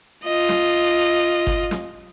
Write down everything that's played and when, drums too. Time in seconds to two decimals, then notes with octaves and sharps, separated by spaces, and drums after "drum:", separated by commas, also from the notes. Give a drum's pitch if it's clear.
0.25 F4 D#5
0.49 drum: snare
1.47 drum: kick G1
1.71 drum: snare